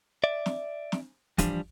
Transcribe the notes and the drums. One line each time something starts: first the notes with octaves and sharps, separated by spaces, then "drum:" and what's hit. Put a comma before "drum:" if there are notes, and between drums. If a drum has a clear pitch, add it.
D5 E5
drum: snare
drum: snare
E3 F3 G3 D4, drum: kick, hi-hat